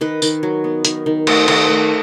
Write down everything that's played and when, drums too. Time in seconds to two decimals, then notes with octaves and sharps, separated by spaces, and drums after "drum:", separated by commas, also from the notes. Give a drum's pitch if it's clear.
0.01 D#3 B4 D#5
0.22 D#3, drum: tambourine
0.43 F#3
0.64 B3
0.85 D#3, drum: hi-hat
1.06 D#3
1.27 A3, drum: cymbal
1.48 D#3, drum: cymbal
1.69 A3